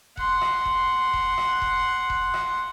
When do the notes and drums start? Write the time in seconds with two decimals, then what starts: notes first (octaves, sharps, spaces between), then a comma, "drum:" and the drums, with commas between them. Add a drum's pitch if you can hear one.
0.17 F#5 C6, drum: kick E1
0.41 drum: rim click
0.65 drum: kick E1
1.13 drum: kick E1
1.38 drum: rim click
1.62 drum: kick E1
2.10 drum: kick E1
2.34 drum: rim click